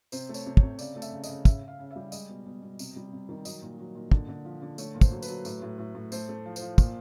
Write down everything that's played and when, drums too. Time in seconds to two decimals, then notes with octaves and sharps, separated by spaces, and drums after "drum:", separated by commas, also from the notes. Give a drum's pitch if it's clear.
0.12 C3 C5, drum: tambourine
0.29 A3
0.34 C#5, drum: tambourine
0.46 C3
0.57 C#5, drum: kick
0.63 C3
0.79 C#3 D5, drum: tambourine
0.96 A3
1.02 E5, drum: tambourine
1.12 C#3
1.24 D#5, drum: tambourine
1.29 C#3
1.45 C#3 E5, drum: kick, tambourine
1.63 C#3 F5
1.79 C#3
1.91 E5
1.96 G3
2.12 G#3 D#5, drum: tambourine
2.29 B2
2.46 B2
2.62 B2
2.79 C3, drum: tambourine
2.96 G3
3.13 C3
3.29 D#3
3.45 F#3 D#5, drum: tambourine
3.62 A#2
3.79 F#3
3.95 A#2
4.12 D3, drum: kick
4.28 D3
4.45 F3
4.62 D3
4.78 A3 C#5, drum: tambourine
4.95 A#2
5.01 C5, drum: kick, tambourine
5.12 F#3
5.22 B4, drum: tambourine
5.28 F#3
5.45 A2, drum: tambourine
5.62 A2
5.79 A2
5.95 A2
6.12 A3 C5, drum: tambourine
6.29 A3
6.46 F3
6.56 C5, drum: tambourine
6.62 F3
6.78 A#2, drum: kick, tambourine